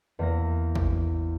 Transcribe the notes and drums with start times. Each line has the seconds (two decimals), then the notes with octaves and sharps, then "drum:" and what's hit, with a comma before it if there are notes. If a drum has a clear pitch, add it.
0.19 E2 A#3 A#6
0.75 drum: kick G#1